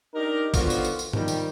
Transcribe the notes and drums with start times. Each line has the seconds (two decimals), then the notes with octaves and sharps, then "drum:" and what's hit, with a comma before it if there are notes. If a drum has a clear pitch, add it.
0.15 D4 D#4 G4 A#4
0.54 D3 D#3 F3 B3 F4 F#4, drum: kick A1, tambourine
0.70 drum: tambourine
0.85 drum: tambourine
0.99 drum: tambourine
1.13 D#3 F3 G3, drum: tom G#2
1.28 drum: tambourine